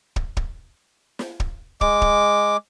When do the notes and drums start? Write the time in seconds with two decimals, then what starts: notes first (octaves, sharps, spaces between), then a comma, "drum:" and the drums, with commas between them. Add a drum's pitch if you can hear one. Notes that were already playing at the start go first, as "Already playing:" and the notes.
0.16 drum: kick
0.37 drum: kick
1.19 drum: snare
1.40 drum: kick
1.81 G#3 D6, drum: kick
2.02 drum: kick